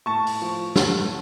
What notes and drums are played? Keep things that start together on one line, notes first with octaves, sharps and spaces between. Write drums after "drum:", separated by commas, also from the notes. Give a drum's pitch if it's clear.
A2 A5 C#6
drum: open hi-hat
F3
A2, drum: snare